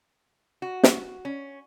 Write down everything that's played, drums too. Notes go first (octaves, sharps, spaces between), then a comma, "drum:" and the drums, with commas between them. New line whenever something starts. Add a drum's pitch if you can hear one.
F#4
drum: snare
C#4